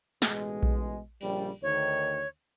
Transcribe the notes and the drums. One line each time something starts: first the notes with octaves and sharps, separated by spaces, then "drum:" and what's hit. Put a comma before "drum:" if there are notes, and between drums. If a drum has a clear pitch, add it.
A1 B2 G#3, drum: snare
drum: kick A#1
A#1 C#3 G3, drum: cymbal
D2 D#3 C#5